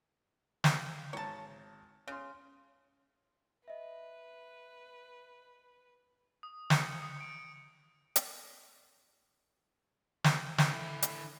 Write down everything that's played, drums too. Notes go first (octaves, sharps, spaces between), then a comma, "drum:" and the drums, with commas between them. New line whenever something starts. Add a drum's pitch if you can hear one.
F5, drum: snare
G#1 C#5 A5 A#5
C#3 C6 F6
B4 D#5 E5
D#6
C#7, drum: snare
D#6
D7
drum: hi-hat
drum: snare
drum: snare
D3 E4
drum: hi-hat